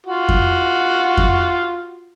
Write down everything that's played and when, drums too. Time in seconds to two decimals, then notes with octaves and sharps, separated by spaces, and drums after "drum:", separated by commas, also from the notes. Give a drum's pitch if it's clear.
0.06 F4 F#4
0.29 drum: kick F2
1.17 drum: kick F2